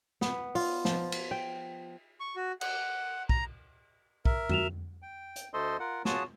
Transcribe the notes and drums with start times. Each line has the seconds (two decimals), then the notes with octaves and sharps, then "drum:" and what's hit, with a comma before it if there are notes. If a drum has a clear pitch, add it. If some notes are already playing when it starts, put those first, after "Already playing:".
0.21 B3, drum: snare
0.55 F4, drum: open hi-hat
0.85 F3, drum: snare
1.12 drum: cymbal
1.31 G5
2.20 C#6
2.36 F#4
2.61 F#5, drum: cymbal
3.29 A#5, drum: kick
4.25 A#4 E5, drum: kick
4.49 F#4 E7 F7, drum: tom F2
5.02 G5
5.36 drum: hi-hat
5.54 D2 A3 A4 C5 D#5 C6
5.80 F4 A#4 F#5
6.05 F4 F#4 G#4 C#5 A5 D#6, drum: snare